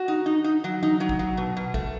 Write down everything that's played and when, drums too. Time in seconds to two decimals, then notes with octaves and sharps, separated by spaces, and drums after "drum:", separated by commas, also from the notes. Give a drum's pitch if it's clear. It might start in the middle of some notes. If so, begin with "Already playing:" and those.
Already playing: F#4
0.08 D#4
0.26 D#4
0.44 D#4
0.64 F#3
0.83 D#4, drum: tom E3
1.00 F#3
1.09 drum: kick G#1
1.19 F#3
1.37 B2
1.57 B2
1.74 A3, drum: kick G#1